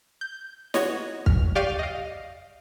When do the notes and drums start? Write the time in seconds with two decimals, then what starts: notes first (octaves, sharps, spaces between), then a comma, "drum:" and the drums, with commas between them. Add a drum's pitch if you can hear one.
0.21 G6
0.74 F#4 C#5 D#5, drum: snare
1.26 F6, drum: kick
1.55 G4 D5 F5 C#6 F6 D#7
1.79 D#5 F5